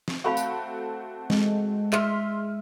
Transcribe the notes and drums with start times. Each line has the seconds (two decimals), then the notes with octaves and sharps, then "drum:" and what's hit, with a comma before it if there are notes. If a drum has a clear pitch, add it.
0.08 drum: snare
0.24 A3 C4 F#4 F5 B5 C#6
0.37 drum: tambourine
1.30 G#3, drum: snare
1.93 G#4 E5 C6 F6, drum: clap